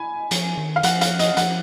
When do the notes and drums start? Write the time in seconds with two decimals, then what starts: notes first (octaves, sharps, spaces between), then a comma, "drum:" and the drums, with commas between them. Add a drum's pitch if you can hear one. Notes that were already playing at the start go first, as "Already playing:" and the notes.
Already playing: G#5 B5
0.31 F3, drum: hi-hat
0.57 D#3
0.76 F5
0.83 F3 F#5, drum: hi-hat
1.01 F5, drum: hi-hat
1.19 D#5, drum: hi-hat
1.37 F3 F#5, drum: hi-hat